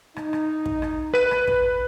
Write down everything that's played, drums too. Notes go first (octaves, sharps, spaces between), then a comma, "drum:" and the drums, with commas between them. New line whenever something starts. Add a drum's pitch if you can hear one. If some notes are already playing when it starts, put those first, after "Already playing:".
D#4, drum: rim click
drum: rim click
drum: kick
drum: rim click
B4 D#7
drum: rim click
drum: kick